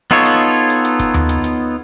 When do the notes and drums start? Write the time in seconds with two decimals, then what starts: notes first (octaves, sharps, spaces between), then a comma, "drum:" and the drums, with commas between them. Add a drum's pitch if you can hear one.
0.11 B3 D#4 F4 A4 C#5
0.26 drum: hi-hat
0.70 drum: hi-hat
0.85 drum: hi-hat
0.99 drum: kick, hi-hat
1.14 drum: tom D#2
1.29 drum: hi-hat
1.44 drum: hi-hat